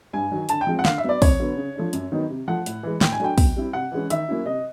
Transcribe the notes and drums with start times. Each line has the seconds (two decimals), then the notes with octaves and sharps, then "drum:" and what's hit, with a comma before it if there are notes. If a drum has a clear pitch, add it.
0.13 G2 G#5
0.32 D#3 F#3
0.49 D3 A5, drum: hi-hat
0.61 G5
0.67 F3 G#3 C4
0.79 F#5
0.85 D3 F5, drum: snare
0.98 E5
1.04 F#3 B3 D5
1.22 F2 C#5, drum: kick, open hi-hat
1.40 D3 F#3 B3
1.57 C#3
1.75 F3 A3 D4
1.93 F#2, drum: hi-hat
2.12 D#3 F#3 B3 D#4
2.30 C3
2.48 F3 A3 F#5
2.66 A2, drum: hi-hat
2.83 E3 G#3
3.01 A2 G5, drum: snare
3.12 G#5
3.20 F#3 A3 D4 G5
3.38 B2, drum: kick, open hi-hat
3.56 G3 C4 E4
3.73 C3 F#5
3.92 E3 G#3 C#4
4.10 D#3 E5, drum: hi-hat
4.28 F#3 A#3 C#4 E4
4.46 C3 D#5